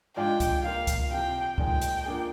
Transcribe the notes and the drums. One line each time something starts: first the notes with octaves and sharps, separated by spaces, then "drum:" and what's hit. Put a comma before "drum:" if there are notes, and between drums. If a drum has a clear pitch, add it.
G#2 F3 G#3 D4 F4 G5
drum: kick C#2, hi-hat
F3 A#3 F4 F5
drum: kick C#2, hi-hat
C2 C3 F3 G5
A#2 G#3 D#4 G#4 G5, drum: kick C#2
drum: hi-hat
F3 A#3 D4 G#4